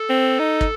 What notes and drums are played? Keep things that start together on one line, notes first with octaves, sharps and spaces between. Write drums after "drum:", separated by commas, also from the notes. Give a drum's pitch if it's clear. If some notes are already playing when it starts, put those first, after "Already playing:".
Already playing: A4
C4
D#4
drum: kick